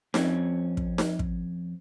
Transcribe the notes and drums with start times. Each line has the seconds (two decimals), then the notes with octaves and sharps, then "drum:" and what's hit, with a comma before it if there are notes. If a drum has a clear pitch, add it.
0.14 F2 C4 C#4, drum: snare D#4
0.77 drum: kick
0.98 drum: snare D#4
1.19 drum: kick